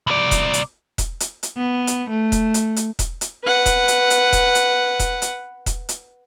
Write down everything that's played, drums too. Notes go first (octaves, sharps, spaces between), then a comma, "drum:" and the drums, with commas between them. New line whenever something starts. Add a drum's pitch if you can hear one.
C2 D5
drum: kick E1, hi-hat
drum: hi-hat
drum: kick E1, hi-hat
drum: hi-hat
drum: hi-hat
B3
drum: hi-hat
A3
drum: kick E1, hi-hat
drum: hi-hat
drum: hi-hat
drum: kick E1, hi-hat
drum: hi-hat
B4 F#5
drum: kick E1, hi-hat
drum: hi-hat
drum: hi-hat
drum: kick E1, hi-hat
drum: hi-hat
drum: kick E1, hi-hat
drum: hi-hat
drum: kick E1, hi-hat
drum: hi-hat